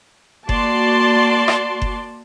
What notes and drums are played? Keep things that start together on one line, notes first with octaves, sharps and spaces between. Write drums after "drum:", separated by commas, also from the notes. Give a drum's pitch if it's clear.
A#3 F#4 D5 A5 C6, drum: kick F#1
drum: rim click
drum: kick F#1